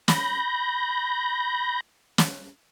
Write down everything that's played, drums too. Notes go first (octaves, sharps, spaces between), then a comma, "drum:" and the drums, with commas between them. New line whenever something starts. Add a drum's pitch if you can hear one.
B5 G6 A#6, drum: snare
drum: snare